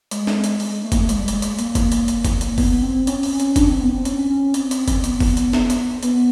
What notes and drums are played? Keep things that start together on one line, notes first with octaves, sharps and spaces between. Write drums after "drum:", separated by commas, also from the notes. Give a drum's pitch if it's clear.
G#3, drum: hi-hat
drum: snare
drum: hi-hat
G#3, drum: open hi-hat
A3
A#3, drum: kick, hi-hat
A3
G#3, drum: hi-hat
G3
G#3, drum: hi-hat
drum: hi-hat
A#3, drum: hi-hat
drum: kick, hi-hat
drum: hi-hat
drum: hi-hat
drum: kick, hi-hat
drum: hi-hat
B3, drum: kick, open hi-hat
C4
C#4, drum: hi-hat
drum: open hi-hat
drum: hi-hat
D4, drum: kick, hi-hat
C4
B3
C4
C#4, drum: hi-hat
C#4
C4, drum: hi-hat
drum: hi-hat
drum: kick, hi-hat
B3, drum: hi-hat
drum: kick, open hi-hat
drum: hi-hat
drum: snare
drum: hi-hat
B3, drum: hi-hat